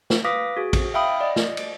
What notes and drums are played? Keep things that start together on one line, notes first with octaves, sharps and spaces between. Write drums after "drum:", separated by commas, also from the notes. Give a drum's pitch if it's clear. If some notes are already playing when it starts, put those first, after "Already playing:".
drum: snare
B4 F5 D6 D#6 A#6 B6
F#4 G#4
drum: kick, cymbal
E5 F5 G5 B5 D#6
D5 D#5
drum: snare
drum: cymbal